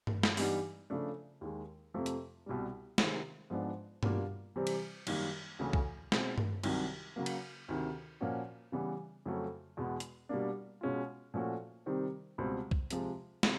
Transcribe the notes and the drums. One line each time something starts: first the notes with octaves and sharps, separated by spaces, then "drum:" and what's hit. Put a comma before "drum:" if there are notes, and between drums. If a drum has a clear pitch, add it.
drum: tom G2
drum: snare
G2 E3 G3 B3 D#4, drum: open hi-hat
C#3 F3 A3 D4
D#2 D#3 G#3
F2 C3 F3 A3
drum: hi-hat
C2 B2 G3
C3 D#3 G#3 C4, drum: snare
G#2 F3 G#3 B3 D4
B2 G3 A#3 D4 F4, drum: tom G2
C3 E3 G3 C4
drum: cymbal
F#2 D#3 G3 A#3, drum: cymbal
D2 C#3 E3 A3 C#4
drum: kick
B2 G#3 C4, drum: snare
drum: tom G2
C2 C3 D#3 F#3, drum: cymbal
C#3 F#3 A#3
drum: cymbal
D2 C3 D#3
A#2 F3 A#3 C#4 F#4
C#3 E3 G3 B3
F2 C#3 F#3 A3 C#4
E2 B2 G#3 B3
drum: hi-hat
B2 G3 A#3 D4
B2 G#3 C#4 F4
A#2 F3 A3 C#4 F#4
C3 D#3 G3 C4
C#2 B2 G3 C4
drum: kick
C3 F3 G#3, drum: hi-hat
C3, drum: snare